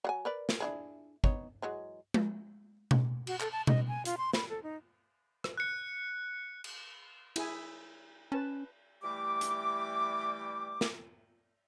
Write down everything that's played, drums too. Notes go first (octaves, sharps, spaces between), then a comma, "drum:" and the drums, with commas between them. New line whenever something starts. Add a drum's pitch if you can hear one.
F#3 F#5 G#5
A#4 B4 D5
drum: snare
D4 E4 G#4
B3 D#4 C#5, drum: kick
E3 F#3 G#3
drum: tom G#3
drum: tom B2
F#4, drum: cymbal
A4, drum: clap
A5
D#5, drum: tom B2
G#5
F4, drum: hi-hat
C6
B5, drum: snare
A4
D#4
drum: rim click
F#6 C#7
drum: cymbal
E4 G#4 G#5, drum: cymbal
C#4 B4 A5
E3 G3 A3 G4 D6
drum: hi-hat
drum: snare